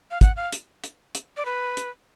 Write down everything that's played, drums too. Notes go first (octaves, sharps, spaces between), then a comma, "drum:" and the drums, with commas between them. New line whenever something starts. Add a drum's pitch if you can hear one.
F5
F#5, drum: kick, hi-hat
F5
drum: hi-hat
drum: hi-hat
drum: hi-hat
D5
B4
drum: hi-hat